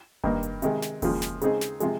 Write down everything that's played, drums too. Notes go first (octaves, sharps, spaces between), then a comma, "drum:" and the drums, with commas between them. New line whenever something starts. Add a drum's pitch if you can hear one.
G2 D#3 A#3, drum: kick F1
drum: hi-hat
C3 D#3 G#3, drum: hi-hat
drum: snare
D#2 C#3 F3 G#3, drum: kick F1, open hi-hat
drum: snare
C#3 G#3 C4 D#4 G#4, drum: hi-hat
drum: snare
C3 F3 G#3, drum: hi-hat